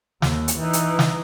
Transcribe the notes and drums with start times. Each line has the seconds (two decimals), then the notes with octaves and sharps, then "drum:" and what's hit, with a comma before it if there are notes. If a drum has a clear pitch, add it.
0.22 D#2, drum: snare
0.48 drum: hi-hat
0.57 E3 D#4
0.73 drum: hi-hat
0.99 drum: snare